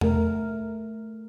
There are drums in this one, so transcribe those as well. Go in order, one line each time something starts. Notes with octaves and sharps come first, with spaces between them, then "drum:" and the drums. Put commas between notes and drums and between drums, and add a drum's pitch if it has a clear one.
A3 A#4, drum: tom E2